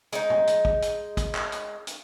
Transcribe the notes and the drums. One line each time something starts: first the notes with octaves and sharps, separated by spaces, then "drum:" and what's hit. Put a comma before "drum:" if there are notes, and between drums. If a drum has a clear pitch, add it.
G#3 D#4, drum: hi-hat
drum: tom A2
drum: hi-hat
drum: kick A1
drum: hi-hat
drum: kick A1, hi-hat
drum: clap
drum: hi-hat
drum: hi-hat